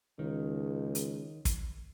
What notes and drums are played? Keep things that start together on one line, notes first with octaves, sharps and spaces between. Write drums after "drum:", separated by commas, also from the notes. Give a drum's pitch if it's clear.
C#2 D#3
drum: hi-hat
drum: kick, hi-hat